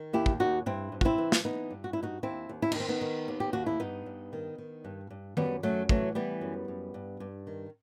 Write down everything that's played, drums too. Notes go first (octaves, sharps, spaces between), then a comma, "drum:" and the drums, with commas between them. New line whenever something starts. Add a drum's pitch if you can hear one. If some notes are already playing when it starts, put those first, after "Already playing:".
Already playing: D#3
D#2 E4 G4
drum: kick
D#2 D#4 F#4
G2 C4 E4
G2
F#4, drum: kick
C4 E4
E3
drum: snare
E3 B3 D#4
G2
F#4
G2 E4
D#4 F#4
D#2 C4 E4
D#2
E4
D#4, drum: cymbal
D#3 C4
B3 D#4
D#3
D#2
G4
D#2 F#4
E4
G2 B3 D#4
G2
D#3
D#3
G2
G2
F#2 G3 B3, drum: tom D#3
F#2 F#3 A3
E3 F#3 A3, drum: kick
E3 G3 B3
F#2
F#2
G2
G2
D#3